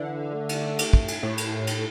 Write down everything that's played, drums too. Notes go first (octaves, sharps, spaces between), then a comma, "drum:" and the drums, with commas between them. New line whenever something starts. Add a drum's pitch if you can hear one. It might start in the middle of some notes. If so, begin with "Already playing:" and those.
Already playing: D3 E3
A3
drum: cymbal
drum: cymbal
drum: kick
drum: cymbal
A2
drum: cymbal
drum: cymbal